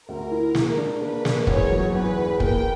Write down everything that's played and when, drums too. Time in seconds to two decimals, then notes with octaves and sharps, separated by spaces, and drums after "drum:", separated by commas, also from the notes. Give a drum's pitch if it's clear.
0.08 D2 A#4
0.31 E4
0.55 A#3, drum: snare
0.78 D4
1.01 A#3 B4
1.25 A#3, drum: snare
1.47 E2 C#5, drum: kick
1.71 F#3
1.94 E2 B4
2.17 E2
2.40 A#3 G5, drum: kick